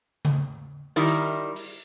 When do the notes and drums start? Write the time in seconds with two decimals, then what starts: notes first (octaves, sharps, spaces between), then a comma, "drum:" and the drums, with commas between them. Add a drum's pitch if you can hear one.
0.25 drum: tom C#3
0.96 D#3 G3 E4
1.08 drum: hi-hat
1.56 drum: open hi-hat